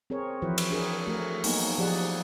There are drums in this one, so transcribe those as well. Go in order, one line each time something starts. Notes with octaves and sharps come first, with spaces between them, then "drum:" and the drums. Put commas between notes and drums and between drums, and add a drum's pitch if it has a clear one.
C4 G#4 A#4 C#5
E3 F3 E4 F#4 B4 C5
drum: cymbal
D4 G#4 A#4
A3 F#4 A#4
F#3 A#3 B3 D#4, drum: open hi-hat
F3 G4 G#4 D5 F#5